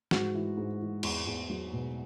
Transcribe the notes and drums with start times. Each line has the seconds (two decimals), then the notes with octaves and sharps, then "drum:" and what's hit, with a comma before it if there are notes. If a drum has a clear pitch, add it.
0.11 G#2 F#4, drum: snare
0.35 E3
0.57 G#2
0.80 E3
1.03 E2, drum: cymbal
1.27 E2
1.49 F#3
1.73 B2